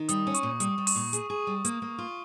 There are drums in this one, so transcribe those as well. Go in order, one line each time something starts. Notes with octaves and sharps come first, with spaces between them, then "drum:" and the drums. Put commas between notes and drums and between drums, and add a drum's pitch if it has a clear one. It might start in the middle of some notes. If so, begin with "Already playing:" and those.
Already playing: D#3
G3 D#6, drum: hi-hat
C#4
C#6, drum: hi-hat
A#2
G3 D#6, drum: hi-hat
G3
C#6, drum: open hi-hat
A#2
G#4, drum: hi-hat
G#4
G3
A#3, drum: hi-hat
A#3
F4